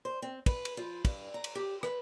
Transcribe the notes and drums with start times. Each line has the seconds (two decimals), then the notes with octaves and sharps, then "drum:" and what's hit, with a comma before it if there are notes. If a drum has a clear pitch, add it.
0.05 C5
0.22 C4
0.46 B4, drum: kick, cymbal
0.65 drum: cymbal
0.77 F3
1.05 G2, drum: kick, cymbal
1.34 A#5
1.44 drum: cymbal
1.55 G4
1.83 B4, drum: rim click